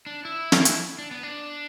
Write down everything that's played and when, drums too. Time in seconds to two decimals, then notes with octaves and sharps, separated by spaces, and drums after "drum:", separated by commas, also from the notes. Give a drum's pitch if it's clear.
0.06 D4
0.25 E4
0.52 drum: snare
0.65 drum: hi-hat
0.98 D4
1.11 B3
1.23 D4